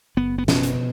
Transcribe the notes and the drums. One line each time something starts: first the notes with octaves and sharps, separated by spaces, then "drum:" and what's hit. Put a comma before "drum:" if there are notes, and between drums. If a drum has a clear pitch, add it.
F#1 B3
B3
B2 C#4, drum: snare
drum: hi-hat